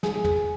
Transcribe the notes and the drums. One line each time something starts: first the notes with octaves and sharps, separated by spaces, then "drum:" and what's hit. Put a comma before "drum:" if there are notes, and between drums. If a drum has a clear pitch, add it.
G#4, drum: snare
drum: tom